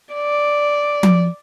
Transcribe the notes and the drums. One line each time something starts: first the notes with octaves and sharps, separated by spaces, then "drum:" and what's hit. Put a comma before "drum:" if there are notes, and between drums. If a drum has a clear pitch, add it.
D5
drum: tom F3